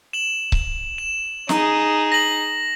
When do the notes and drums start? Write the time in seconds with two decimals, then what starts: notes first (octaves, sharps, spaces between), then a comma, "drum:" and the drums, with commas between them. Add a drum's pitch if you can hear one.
0.13 E7 F#7
0.52 drum: kick C#1
0.98 E7
1.49 D#4 G#4, drum: snare
2.12 A#6 F#7